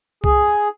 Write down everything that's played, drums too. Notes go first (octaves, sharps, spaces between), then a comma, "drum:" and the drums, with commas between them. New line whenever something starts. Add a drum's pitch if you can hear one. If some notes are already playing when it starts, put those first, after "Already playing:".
G#4, drum: kick C2